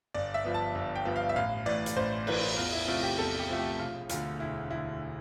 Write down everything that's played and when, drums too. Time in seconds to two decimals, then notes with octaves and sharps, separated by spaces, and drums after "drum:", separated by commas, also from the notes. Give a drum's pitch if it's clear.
0.14 G1 D5
0.34 E5
0.44 G2 F3 B3
0.54 A5
0.75 G1
0.96 G5
1.05 G2 F3 B3
1.16 F5
1.29 E5
1.36 A1 F5
1.66 A2 E3 D5
1.86 drum: hi-hat
1.97 A1 C5
2.27 A2 E3 B4, drum: cymbal
2.58 E2 F4
2.73 E4
2.88 C3 F3 A3 F4
3.03 G4
3.18 E2 A4
3.39 G4
3.49 C3 F3 A3
3.59 G4
3.79 E1 F4
4.09 D2 D3 F4, drum: hi-hat
4.40 E1 E4
4.70 D2 D3 E4